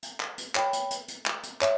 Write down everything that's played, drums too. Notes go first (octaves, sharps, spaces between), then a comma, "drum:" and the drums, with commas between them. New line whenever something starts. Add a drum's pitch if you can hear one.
drum: hi-hat
drum: clap
drum: hi-hat
C#5 G5 B5, drum: clap
drum: hi-hat
drum: hi-hat
drum: hi-hat
drum: clap
drum: hi-hat
C#5 E5, drum: clap